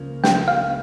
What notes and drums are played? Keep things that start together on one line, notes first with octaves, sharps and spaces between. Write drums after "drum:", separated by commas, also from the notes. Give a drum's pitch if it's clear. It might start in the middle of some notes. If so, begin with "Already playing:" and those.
Already playing: C#2 C#3 F3 A#3
G5, drum: snare
F5